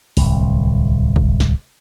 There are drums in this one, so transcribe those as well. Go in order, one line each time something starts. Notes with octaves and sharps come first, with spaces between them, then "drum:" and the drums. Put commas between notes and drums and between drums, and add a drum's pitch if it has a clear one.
D1 C2, drum: open hi-hat
drum: kick
drum: snare